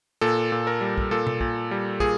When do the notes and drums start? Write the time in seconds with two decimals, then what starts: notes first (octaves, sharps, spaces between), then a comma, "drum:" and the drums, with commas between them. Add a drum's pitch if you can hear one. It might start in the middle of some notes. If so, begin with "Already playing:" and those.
0.21 A#2 A4
0.52 A#2
0.67 A#4
0.81 G3
0.98 drum: kick
1.11 A#2 A4
1.27 drum: tom B2
1.41 A#2, drum: kick
1.71 G3
2.00 A#2 G#4, drum: kick